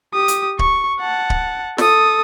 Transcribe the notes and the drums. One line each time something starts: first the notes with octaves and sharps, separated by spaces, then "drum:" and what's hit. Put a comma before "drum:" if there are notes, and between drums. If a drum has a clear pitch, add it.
G4 D#6
drum: hi-hat
C#6, drum: kick D1
F#5 A5
drum: kick D1
A4 D#6, drum: snare